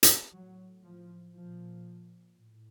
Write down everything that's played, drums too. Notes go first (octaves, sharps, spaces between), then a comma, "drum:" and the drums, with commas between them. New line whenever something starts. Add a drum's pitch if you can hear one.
drum: hi-hat
A2 F#3
F3
A#2 F3
A2